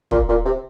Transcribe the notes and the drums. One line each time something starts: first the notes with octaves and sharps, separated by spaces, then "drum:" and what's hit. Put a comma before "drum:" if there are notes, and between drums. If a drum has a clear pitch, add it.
A#2, drum: kick
A#2
C3